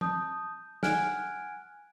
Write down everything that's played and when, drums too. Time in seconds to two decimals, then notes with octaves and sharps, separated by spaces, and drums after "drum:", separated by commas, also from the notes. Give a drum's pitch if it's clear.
0.01 A5 D#6 G6, drum: tom F3
0.83 F#5 G#5 F6 F#6 G#6 D7, drum: snare